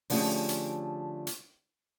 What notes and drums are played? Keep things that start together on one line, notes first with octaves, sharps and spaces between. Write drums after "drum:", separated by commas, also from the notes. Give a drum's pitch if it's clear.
D3 F3 A3 C#4 G4 G#4, drum: open hi-hat
drum: hi-hat
drum: hi-hat